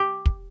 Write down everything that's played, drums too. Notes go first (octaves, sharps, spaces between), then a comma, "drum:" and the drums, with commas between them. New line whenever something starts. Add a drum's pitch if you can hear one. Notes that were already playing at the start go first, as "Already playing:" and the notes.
Already playing: G4
drum: kick